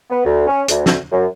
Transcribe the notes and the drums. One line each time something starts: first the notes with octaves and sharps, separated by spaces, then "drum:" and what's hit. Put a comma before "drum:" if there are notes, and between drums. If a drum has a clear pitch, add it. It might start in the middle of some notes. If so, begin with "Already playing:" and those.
B3
D2
C#4
D2, drum: hi-hat
drum: snare
F#2